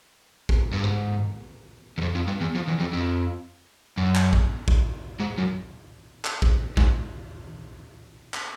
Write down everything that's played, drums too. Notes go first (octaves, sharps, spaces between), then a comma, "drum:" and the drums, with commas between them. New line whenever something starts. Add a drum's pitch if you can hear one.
drum: kick A#1
G2
G#2
E2
F2
F2
G2
E2
F2
E2
F2
F2
F#2
drum: clap
drum: kick A#1
drum: kick A#1
G#2
F#2
drum: clap
drum: kick A#1
G#2, drum: kick A#1
drum: clap